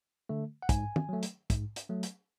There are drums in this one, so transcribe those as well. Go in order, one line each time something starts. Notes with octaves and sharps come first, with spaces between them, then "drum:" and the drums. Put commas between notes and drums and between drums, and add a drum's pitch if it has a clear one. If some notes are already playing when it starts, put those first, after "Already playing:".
D3 A3
F#5
G#2 G#5, drum: kick, hi-hat
drum: tom
F#3 A3
drum: hi-hat
G#2, drum: kick, hi-hat
drum: hi-hat
F#3 A3
drum: hi-hat